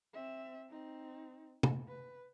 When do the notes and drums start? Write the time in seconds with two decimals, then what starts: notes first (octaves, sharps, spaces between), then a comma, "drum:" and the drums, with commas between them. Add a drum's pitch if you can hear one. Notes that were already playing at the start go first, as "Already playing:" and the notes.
0.13 C4 E5
0.70 C4 D#4
1.63 drum: tom
1.88 B4